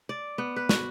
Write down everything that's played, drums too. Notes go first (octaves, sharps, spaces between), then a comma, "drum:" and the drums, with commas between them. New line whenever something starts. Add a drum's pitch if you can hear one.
D5
B3
B4
F#4, drum: snare